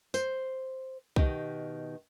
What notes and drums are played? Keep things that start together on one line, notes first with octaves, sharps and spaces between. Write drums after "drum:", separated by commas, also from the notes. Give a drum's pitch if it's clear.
C5, drum: tambourine
B2 D#3 G4, drum: kick C2